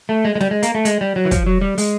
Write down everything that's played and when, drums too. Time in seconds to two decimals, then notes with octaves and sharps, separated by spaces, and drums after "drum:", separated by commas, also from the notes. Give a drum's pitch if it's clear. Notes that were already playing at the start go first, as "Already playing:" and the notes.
0.09 A3
0.25 G#3
0.35 G#3
0.41 G3, drum: snare
0.51 G#3
0.63 A#3, drum: hi-hat
0.75 A3
0.85 G#3, drum: hi-hat
1.01 G3
1.16 F#3
1.25 E3
1.31 F3, drum: kick, hi-hat
1.46 F#3
1.62 G3
1.78 G#3, drum: open hi-hat